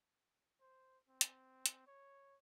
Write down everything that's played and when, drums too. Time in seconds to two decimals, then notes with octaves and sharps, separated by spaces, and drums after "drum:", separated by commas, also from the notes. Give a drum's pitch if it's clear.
0.61 C5
1.09 C4
1.21 drum: hi-hat
1.66 drum: hi-hat
1.87 C#5